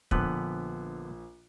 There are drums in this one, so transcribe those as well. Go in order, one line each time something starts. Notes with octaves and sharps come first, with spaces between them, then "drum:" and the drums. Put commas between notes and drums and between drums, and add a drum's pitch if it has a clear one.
A#1 D3 B3 B4 F#6, drum: kick